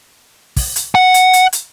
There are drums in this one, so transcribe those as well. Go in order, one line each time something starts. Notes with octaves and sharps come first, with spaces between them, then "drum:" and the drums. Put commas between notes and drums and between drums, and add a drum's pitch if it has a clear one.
drum: kick, open hi-hat
drum: hi-hat
F#5
drum: hi-hat
drum: hi-hat
drum: hi-hat